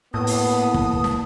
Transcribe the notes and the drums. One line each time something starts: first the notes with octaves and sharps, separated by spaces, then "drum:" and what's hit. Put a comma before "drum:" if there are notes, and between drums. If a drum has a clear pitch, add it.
A2 A#3 B3 A5 D#6
drum: open hi-hat
drum: kick
drum: snare